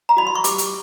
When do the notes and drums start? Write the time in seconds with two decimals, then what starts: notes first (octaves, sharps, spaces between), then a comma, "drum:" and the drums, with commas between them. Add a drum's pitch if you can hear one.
0.09 A#5
0.17 F#4 B5
0.27 C6
0.35 C#6
0.44 G4 D6, drum: hi-hat
0.58 drum: hi-hat